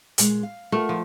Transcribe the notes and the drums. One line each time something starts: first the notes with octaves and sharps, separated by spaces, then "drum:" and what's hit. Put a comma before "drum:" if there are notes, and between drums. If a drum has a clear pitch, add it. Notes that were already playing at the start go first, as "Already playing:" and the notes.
A#2 G#3, drum: hi-hat
F5
A3 F4 A#4 F#5
F3